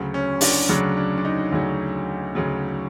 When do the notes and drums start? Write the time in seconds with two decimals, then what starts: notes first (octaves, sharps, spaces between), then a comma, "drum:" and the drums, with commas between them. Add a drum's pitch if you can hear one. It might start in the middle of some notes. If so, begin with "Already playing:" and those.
Already playing: D2 C#3 F#3
0.14 C#4
0.41 D4, drum: open hi-hat
0.69 D2 C#3 F#3 D4
0.97 D4
1.18 D4
1.25 D#4
1.52 D2 C#3 F#3
2.35 D2 C#3 F#3